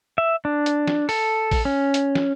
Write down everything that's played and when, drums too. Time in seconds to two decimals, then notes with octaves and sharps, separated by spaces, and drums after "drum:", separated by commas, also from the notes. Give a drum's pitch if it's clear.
0.18 E5
0.45 D4
0.66 drum: hi-hat
0.88 drum: snare
1.09 A4, drum: open hi-hat
1.51 drum: kick A1, open hi-hat
1.65 C#4
1.94 drum: hi-hat
2.15 drum: snare